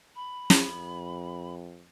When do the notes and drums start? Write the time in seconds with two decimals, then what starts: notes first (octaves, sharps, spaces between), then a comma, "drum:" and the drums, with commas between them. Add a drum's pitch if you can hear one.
0.15 B5
0.50 drum: snare
0.59 F2